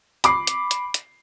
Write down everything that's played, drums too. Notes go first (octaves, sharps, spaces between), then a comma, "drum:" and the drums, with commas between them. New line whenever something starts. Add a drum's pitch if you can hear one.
B5 D6 C7, drum: hi-hat
drum: hi-hat
drum: hi-hat
drum: hi-hat